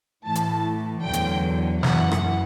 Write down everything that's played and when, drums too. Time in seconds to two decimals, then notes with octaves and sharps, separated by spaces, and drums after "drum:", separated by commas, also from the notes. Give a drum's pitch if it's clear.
0.24 A2 E3 A5
0.35 drum: hi-hat
1.04 E2 D3 F#3 G5
1.13 drum: hi-hat
1.83 F#2 E3 F#5, drum: snare
2.12 drum: rim click